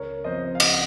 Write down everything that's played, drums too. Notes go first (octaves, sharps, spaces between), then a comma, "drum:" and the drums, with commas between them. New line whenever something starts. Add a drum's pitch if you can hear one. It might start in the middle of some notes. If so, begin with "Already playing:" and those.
Already playing: C#2 A#4 C#5
C3 F3 C5 D#5
F5
C#2 D#5 F#5, drum: cymbal